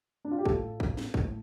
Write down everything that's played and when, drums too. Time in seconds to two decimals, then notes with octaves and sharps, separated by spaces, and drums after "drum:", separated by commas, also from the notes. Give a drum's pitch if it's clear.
0.25 D4
0.31 F4
0.38 G4
0.45 A2 F4 A4, drum: kick
0.80 drum: kick
0.97 drum: snare
1.14 A2, drum: kick